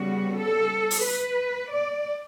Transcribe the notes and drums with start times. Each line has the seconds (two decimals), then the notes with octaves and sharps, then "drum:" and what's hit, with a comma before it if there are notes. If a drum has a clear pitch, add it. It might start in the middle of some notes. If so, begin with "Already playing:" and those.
Already playing: C#3 G3 B3 F#4
0.38 A4
0.91 drum: open hi-hat
1.05 B4
1.72 D5